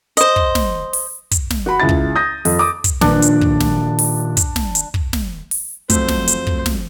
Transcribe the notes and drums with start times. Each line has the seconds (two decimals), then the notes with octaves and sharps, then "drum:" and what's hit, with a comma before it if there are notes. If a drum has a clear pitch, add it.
0.17 C5 D#5, drum: hi-hat
0.36 drum: kick
0.55 drum: snare
0.93 drum: open hi-hat
1.31 drum: kick, hi-hat
1.51 drum: snare
1.66 F#4 B5
1.80 C#2 E4 A6
1.89 drum: kick
2.16 D#6 G6 A#6
2.45 F2, drum: open hi-hat
2.59 D6 D#6
2.84 drum: kick, hi-hat
3.01 A#2 D#3 F3 D4, drum: snare
3.22 drum: hi-hat
3.41 drum: kick
3.60 drum: snare
3.99 drum: open hi-hat
4.37 drum: kick, hi-hat
4.56 drum: snare
4.75 drum: hi-hat
4.94 drum: kick
5.13 drum: snare
5.51 drum: open hi-hat
5.90 F2 F3 F#3 A3 C5, drum: kick, hi-hat
6.08 drum: snare
6.28 drum: hi-hat
6.47 drum: kick
6.66 drum: snare